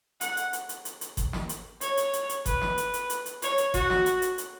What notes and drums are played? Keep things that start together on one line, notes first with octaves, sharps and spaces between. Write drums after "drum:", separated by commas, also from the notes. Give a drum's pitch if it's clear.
F#5, drum: hi-hat
drum: hi-hat
drum: hi-hat
drum: hi-hat
drum: hi-hat
drum: hi-hat
drum: kick G1, hi-hat
drum: snare
drum: hi-hat
C#5, drum: hi-hat
drum: hi-hat
drum: hi-hat
drum: hi-hat
B4, drum: kick G1, hi-hat
drum: snare
drum: hi-hat
drum: hi-hat
drum: hi-hat
drum: hi-hat
C#5, drum: hi-hat
drum: hi-hat
F#4, drum: kick G1, hi-hat
drum: snare
drum: hi-hat
drum: hi-hat
drum: hi-hat